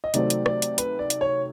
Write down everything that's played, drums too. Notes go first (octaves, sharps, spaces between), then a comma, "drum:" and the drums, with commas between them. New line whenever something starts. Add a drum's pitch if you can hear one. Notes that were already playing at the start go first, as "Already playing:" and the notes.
D#5
C3 D#3 F#3 A3 C4 D5, drum: hi-hat
drum: hi-hat
D5, drum: rim click
drum: hi-hat
B4, drum: hi-hat
D5
drum: hi-hat
C#5